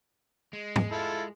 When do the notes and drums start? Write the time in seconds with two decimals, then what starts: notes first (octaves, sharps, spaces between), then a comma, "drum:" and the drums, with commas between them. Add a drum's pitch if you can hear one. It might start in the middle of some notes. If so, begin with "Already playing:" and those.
0.53 G#3
0.76 drum: tom
0.92 E4 F4 A4